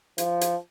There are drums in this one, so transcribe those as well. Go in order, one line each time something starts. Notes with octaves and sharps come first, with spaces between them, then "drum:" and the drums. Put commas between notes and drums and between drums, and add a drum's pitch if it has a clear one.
F3, drum: hi-hat
drum: hi-hat